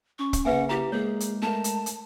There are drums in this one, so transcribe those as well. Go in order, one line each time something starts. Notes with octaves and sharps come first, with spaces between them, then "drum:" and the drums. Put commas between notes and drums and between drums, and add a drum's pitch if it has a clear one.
C#4 C#6
drum: kick, hi-hat
C#3 A#3 B4 E5 F#5 G#5
E4 G4 A#5
G#3 A#3 G#4 C#5
drum: hi-hat
A3 A#4 A5
drum: hi-hat
drum: hi-hat